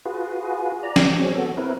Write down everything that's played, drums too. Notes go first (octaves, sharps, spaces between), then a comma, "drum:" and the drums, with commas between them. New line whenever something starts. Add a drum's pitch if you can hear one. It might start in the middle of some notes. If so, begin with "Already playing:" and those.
F4 F#4 G#4 B4
D5 A#5
drum: snare
F#3 C4 G#4 C#5
B3 F#4 A4
C4 E4 A#4 B4